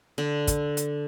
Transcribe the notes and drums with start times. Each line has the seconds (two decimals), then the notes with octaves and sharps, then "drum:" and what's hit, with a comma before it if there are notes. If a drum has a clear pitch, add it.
0.18 D3
0.47 drum: kick, hi-hat
0.77 drum: hi-hat